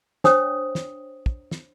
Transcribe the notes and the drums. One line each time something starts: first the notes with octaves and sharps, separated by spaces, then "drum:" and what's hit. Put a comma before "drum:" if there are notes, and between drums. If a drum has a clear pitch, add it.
D4 C5 C#5 G5 D#6, drum: snare
drum: snare
drum: kick
drum: snare